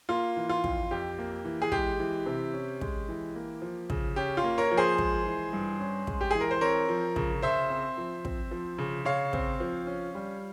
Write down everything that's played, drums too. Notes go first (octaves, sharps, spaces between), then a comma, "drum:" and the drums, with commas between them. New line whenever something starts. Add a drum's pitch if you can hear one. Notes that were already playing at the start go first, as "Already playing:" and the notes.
A#3 F4
E3
F4
F2, drum: kick
F2 G4
A#3
E3
G#4
G#3 G4, drum: kick
E3
C3
C#4
G#3, drum: kick
E3
A#3
F3
C#3, drum: kick
C#4 G4
F4
A#3
A#4 C#5
F3
G#4 C5
G#3, drum: kick
E3
G2
C#4
G#3, drum: kick
G4
E3 G#4
A#4
C5
C4 A#4 C#5
F3
C#3, drum: kick
C#3 C5 E5
C4
F3
C4, drum: kick
F3
C#3
C#3 C#5 F5
C4, drum: kick
F3
C#4
G3